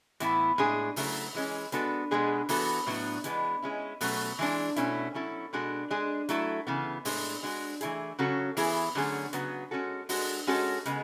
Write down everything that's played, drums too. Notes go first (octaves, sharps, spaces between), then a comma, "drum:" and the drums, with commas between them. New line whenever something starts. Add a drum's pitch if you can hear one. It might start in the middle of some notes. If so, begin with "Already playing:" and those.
A2 E3 B3 E4, drum: hi-hat
A2 G#3 D4 G#4
C#3 F#3 A3 E4, drum: open hi-hat
E3 G#3 C#4
G#3 B3 D4 F#4 A4, drum: hi-hat
B2 G#3 B3 D4 G#4
E3 B3 F#4 A4, drum: open hi-hat
A2 F#3 B3 D4
E3 G#3 B3 D4, drum: hi-hat
G#3 C#4 E4
B2 F#3 A3 C#4, drum: open hi-hat
E3 G#3 D4
B2 A3 C#4 E4, drum: hi-hat
F#3 C#4 E4 A4
B2 G#3 D4 F#4 A4
G#3 D4 G#4
F#3 A3 E4 A4, drum: hi-hat
C#3 E3 B3
A2 G#3 D4 A4, drum: open hi-hat
G#3 D4 F#4
E3 A3 E4 G#4, drum: hi-hat
C#3 F#3 C#4 F#4 A4
E3 B3 E4 G#4, drum: open hi-hat
D3 F#3 A3 C#4 G#4
C#3 F#3 B3 F#4, drum: hi-hat
G#3 C#4 F#4 A4
G#3 D4 F#4 A4, drum: open hi-hat
G#3 C#4 F#4 A4
C#3 G#3 B3, drum: hi-hat